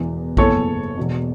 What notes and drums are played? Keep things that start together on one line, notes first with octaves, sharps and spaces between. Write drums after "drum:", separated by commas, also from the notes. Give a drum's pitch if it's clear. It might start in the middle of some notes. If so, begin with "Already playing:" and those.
Already playing: E1 E2 E3
F#1 E2 E3 A4 C#5, drum: kick A#1
E1 E2 B2